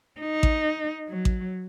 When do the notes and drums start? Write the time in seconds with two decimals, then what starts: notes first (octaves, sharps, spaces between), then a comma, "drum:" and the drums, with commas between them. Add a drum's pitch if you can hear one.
0.20 D#4
0.43 drum: kick A1
1.09 F#3
1.25 drum: kick A1